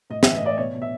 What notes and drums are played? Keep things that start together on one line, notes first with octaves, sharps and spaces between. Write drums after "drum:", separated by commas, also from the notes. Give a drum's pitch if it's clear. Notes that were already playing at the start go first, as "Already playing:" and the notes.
A2 D#5
E5, drum: snare
E3
D#5
A2 D5
B2 C#5
B2
E5